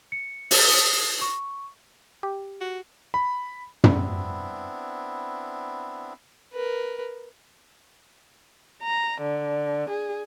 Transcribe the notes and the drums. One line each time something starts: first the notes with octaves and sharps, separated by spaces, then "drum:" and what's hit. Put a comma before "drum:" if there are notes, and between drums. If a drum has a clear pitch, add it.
C#7
drum: open hi-hat
D#6
C#6
G4
F#4
B5
B3 C4 D4 E4, drum: tom
A#4 B4
A#5
D3
G#4